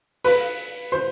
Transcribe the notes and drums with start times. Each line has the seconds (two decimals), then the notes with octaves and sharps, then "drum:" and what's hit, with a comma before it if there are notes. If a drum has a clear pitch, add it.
0.24 B4, drum: open hi-hat
0.92 C5